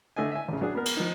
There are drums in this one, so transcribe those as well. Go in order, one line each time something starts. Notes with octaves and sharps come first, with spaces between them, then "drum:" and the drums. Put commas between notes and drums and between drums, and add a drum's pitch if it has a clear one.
D3 A3 D#5 G#5
E5 G#5
A1 C#3
F#3 D4 G#4
B3 A#4
drum: cymbal
F3 D#4